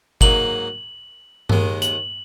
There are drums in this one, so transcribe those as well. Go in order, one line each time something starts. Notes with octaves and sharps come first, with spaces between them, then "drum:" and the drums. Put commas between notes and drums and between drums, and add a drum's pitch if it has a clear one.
G#2 F#3 A#3 D#4 F#7, drum: kick G1
D#2 D#3 G#3, drum: tom G2
F#7, drum: hi-hat